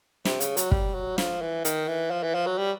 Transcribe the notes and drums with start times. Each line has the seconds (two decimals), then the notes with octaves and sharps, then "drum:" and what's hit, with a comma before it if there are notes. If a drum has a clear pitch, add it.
0.25 C3, drum: snare
0.40 C#3, drum: hi-hat
0.57 F#3, drum: hi-hat
0.71 G3, drum: kick
0.95 F#3
1.18 F3, drum: snare
1.42 E3
1.65 D#3, drum: hi-hat
1.88 E3
2.11 F3
2.23 E3
2.35 F3
2.46 F#3
2.58 G3